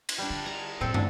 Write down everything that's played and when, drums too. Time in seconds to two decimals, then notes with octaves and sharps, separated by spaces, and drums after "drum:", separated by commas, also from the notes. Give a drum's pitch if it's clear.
0.09 drum: cymbal
0.18 G3 D4
0.30 D3
0.46 A#5
0.81 F2 A2 C4 A4
0.94 D3, drum: tom